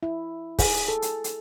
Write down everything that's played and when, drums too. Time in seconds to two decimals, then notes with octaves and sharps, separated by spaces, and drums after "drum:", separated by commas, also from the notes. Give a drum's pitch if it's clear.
0.03 E4
0.59 G#4, drum: kick, open hi-hat
0.88 A4
1.02 drum: hi-hat
1.24 drum: hi-hat